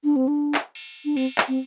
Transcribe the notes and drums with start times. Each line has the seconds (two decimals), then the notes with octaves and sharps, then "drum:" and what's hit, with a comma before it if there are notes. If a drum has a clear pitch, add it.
0.04 D4
0.16 C4
0.28 D4
0.54 drum: clap
0.75 drum: cymbal
1.05 D4
1.17 C4, drum: cymbal
1.38 drum: clap
1.48 C4